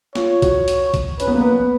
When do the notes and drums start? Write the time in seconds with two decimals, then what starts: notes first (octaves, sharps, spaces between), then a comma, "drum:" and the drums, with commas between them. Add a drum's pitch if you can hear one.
0.15 F4 C#5, drum: snare
0.42 F#4, drum: kick B1, hi-hat
0.68 drum: hi-hat
0.94 drum: kick B1, hi-hat
1.20 C#4 B4, drum: hi-hat
1.27 B3
1.34 A#3
1.41 B3